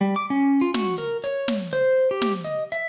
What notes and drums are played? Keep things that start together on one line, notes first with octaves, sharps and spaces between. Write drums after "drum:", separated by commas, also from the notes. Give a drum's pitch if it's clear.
G3
D6
C#4
F4
F#4, drum: snare
A#4, drum: hi-hat
C#5, drum: hi-hat
drum: snare
C5, drum: hi-hat
G4
drum: snare
D#5, drum: hi-hat
E5, drum: hi-hat